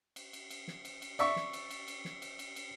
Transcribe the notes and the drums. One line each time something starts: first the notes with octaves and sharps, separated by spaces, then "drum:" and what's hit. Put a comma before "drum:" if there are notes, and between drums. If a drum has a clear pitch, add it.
drum: cymbal
drum: cymbal
drum: cymbal
drum: snare
drum: cymbal
drum: cymbal
D5 E5 C#6, drum: cymbal
drum: snare
drum: cymbal
drum: cymbal
drum: cymbal
drum: snare
drum: cymbal
drum: cymbal
drum: cymbal